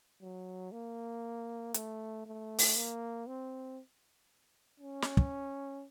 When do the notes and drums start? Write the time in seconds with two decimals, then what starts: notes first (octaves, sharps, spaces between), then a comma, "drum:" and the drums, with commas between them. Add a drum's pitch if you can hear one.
0.21 F#3
0.72 A#3
1.74 A3, drum: hi-hat
2.26 A3
2.58 drum: open hi-hat
2.76 A#3
3.27 C4
4.80 C#4
5.02 drum: snare
5.17 drum: kick